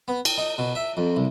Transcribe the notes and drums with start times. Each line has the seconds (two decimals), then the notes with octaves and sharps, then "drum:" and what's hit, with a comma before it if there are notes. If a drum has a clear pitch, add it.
0.08 B3
0.25 G5, drum: cymbal
0.38 D#4
0.58 B2
0.75 E5
0.97 F2
1.17 C2